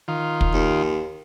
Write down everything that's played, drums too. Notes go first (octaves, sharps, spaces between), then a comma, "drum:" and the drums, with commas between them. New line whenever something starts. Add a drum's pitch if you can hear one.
D#3 F4
drum: kick
D#2